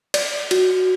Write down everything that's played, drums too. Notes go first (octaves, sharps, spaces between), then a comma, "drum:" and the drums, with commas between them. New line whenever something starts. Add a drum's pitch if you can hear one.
D5, drum: cymbal
F#4, drum: cymbal